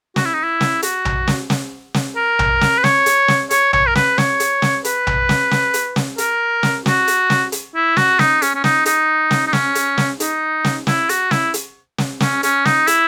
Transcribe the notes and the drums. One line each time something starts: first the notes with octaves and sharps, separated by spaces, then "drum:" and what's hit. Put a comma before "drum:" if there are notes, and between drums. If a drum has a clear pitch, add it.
F#4, drum: snare
E4
D#4
E4
drum: snare
F#4, drum: hi-hat
drum: tom A#1
drum: snare
drum: snare
drum: snare
A#4
drum: tom A#1
drum: snare
B4
C#5, drum: snare
drum: hi-hat
drum: snare
C#5, drum: hi-hat
C#5, drum: tom A#1
A#4
B4, drum: snare
C#5, drum: snare
drum: hi-hat
drum: snare
B4, drum: hi-hat
drum: tom A#1
drum: snare
drum: snare
drum: hi-hat
drum: snare
A#4, drum: hi-hat
drum: snare
F#4, drum: snare
drum: hi-hat
drum: snare
drum: hi-hat
E4
F#4, drum: snare
D#4, drum: snare
C#4, drum: hi-hat
C#4
D#4, drum: snare
D#4, drum: hi-hat
drum: snare
D#4
C#4, drum: snare
drum: hi-hat
drum: snare
D#4, drum: hi-hat
drum: snare
E4, drum: snare
F#4, drum: hi-hat
E4, drum: snare
drum: hi-hat
drum: snare
C#4, drum: snare
C#4, drum: hi-hat
D#4, drum: snare
E4, drum: hi-hat